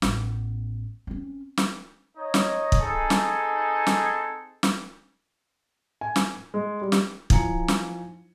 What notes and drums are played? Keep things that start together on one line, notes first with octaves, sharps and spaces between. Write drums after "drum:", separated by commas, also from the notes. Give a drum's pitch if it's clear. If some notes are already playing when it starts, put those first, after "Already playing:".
A1 B3, drum: snare
C4 C#4
drum: snare
D#4 C#5 D#5
drum: snare
drum: kick
C4 D#4 G#4 A4 G#5
drum: snare
drum: snare
drum: snare
G#5
drum: snare
G#3
G3
drum: snare
F3 D#4 E4 G#5 A#5 C#7, drum: kick
drum: snare